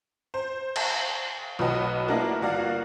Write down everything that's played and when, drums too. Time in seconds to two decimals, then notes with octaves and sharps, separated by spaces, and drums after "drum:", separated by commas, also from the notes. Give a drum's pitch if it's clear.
0.34 C5
0.76 drum: cymbal
1.59 B1 F#3 B4 D#5 F#5
2.08 A#3 D4 E4 F#4 A#4 A5
2.41 G1 A#3 F#4 D5 F5